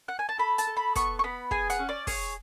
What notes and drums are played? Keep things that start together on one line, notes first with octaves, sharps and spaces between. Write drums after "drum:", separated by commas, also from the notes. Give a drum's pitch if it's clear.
F#5
G#5
A5
A4 B5
A5, drum: hi-hat
A4
B5
B3 C#6, drum: kick, hi-hat
C#6
B3 B5
G#4 G#5, drum: kick
F#5, drum: hi-hat
C#4
D5
G#4 C#5, drum: kick, open hi-hat